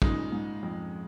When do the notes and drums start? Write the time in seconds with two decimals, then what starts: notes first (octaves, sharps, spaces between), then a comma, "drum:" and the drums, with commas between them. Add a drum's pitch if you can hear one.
0.02 A#2 C#3 G#3 D#4, drum: kick
0.32 G#2
0.63 F2